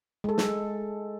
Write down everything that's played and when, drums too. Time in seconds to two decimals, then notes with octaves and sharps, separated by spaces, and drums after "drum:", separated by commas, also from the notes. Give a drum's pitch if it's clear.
0.24 G#3 A4
0.38 drum: snare